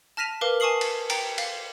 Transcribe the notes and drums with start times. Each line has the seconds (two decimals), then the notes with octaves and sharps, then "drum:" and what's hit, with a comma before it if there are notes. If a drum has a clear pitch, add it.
0.17 A5 F6 A#6 B6 D#7 F7
0.41 A#4 B4 F5 D6
0.60 G#5 A5 C#6 D#6 C7 F#7
0.81 drum: cymbal
1.10 G5 A#5, drum: cymbal
1.38 F5, drum: cymbal